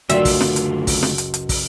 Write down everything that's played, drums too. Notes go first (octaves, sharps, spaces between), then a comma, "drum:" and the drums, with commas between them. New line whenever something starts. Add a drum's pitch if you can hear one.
F#1 C#2 D3 A3 F4 F#4 E5, drum: hi-hat
drum: kick, open hi-hat
drum: snare
drum: hi-hat
drum: kick, open hi-hat
drum: snare
drum: hi-hat
drum: hi-hat
drum: kick, open hi-hat